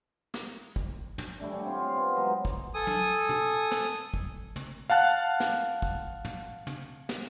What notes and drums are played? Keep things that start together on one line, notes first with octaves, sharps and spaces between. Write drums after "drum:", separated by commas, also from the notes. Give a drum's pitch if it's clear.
drum: snare
drum: kick
drum: tom
G3 A3 D4
G#4 C#5 F#5 G5
C4 F4 G4
G4 F5
B3
F#3 G#3 D#4
drum: kick
A4 G#5 D#6
drum: tom
drum: tom
drum: snare
drum: kick
drum: tom
F5 F#5 A5 F#6
drum: snare
drum: kick
drum: tom
drum: tom
drum: snare